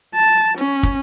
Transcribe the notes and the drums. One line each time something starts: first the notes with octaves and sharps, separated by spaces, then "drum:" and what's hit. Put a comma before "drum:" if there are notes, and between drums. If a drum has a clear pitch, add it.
A5
C#4, drum: hi-hat
drum: kick, hi-hat